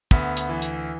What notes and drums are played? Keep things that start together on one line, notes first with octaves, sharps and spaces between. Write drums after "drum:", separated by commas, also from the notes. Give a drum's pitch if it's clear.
D2 B3, drum: kick
drum: hi-hat
E3
drum: hi-hat